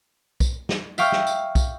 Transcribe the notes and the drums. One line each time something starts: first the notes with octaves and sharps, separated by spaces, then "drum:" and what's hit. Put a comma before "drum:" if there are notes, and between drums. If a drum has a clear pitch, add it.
drum: kick, tambourine
drum: snare
E5 F5 G5 C#6 E6 F6, drum: tambourine
drum: snare
drum: tambourine
drum: kick, tambourine